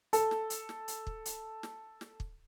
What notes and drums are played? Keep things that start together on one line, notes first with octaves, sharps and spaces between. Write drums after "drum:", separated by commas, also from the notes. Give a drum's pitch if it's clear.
A4, drum: hi-hat
drum: snare
drum: hi-hat
drum: snare
drum: hi-hat
drum: kick
drum: hi-hat
drum: snare
drum: snare
drum: kick